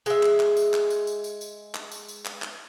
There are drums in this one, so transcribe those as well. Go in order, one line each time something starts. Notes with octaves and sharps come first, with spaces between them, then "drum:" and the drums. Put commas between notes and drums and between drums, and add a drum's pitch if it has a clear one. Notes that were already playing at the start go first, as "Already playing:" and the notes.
G#3 E5, drum: tambourine
drum: clap
drum: clap
drum: tambourine
drum: clap
drum: tambourine
drum: tambourine
drum: tambourine
drum: tambourine
drum: clap
drum: tambourine
drum: tambourine
drum: clap
drum: clap